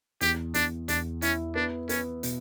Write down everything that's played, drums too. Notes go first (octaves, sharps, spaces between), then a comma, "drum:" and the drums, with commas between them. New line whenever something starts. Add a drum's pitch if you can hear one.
E2 G4, drum: hi-hat
E2 D4, drum: hi-hat
E2 D4, drum: hi-hat
C#4 E4, drum: hi-hat
B3 D4
B3 C#4, drum: hi-hat
B2, drum: hi-hat